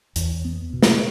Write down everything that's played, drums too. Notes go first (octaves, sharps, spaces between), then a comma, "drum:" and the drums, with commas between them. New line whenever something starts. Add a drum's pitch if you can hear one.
E2, drum: hi-hat
B3
B2
drum: snare